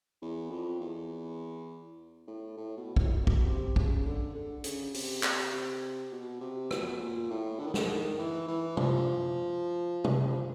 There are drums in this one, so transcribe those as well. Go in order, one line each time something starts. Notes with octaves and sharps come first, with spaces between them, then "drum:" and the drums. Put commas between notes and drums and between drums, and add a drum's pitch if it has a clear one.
E2
F2
E2
A2
A2
B2
A2, drum: kick
B2
drum: kick
C3
C#3, drum: kick
D3
D3
C#3, drum: hi-hat
C3, drum: open hi-hat
C3, drum: clap
C3
B2
C3
B2, drum: rim click
A#2
A2
D3
D#3
D3, drum: snare
D#3
E3
E3
F3, drum: tom
drum: tom
F3